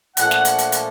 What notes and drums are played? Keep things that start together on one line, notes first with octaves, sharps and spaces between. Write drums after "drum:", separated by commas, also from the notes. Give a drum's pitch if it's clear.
A#2 F3 A3 D4 F#5, drum: hi-hat
drum: snare
drum: hi-hat
drum: hi-hat
drum: hi-hat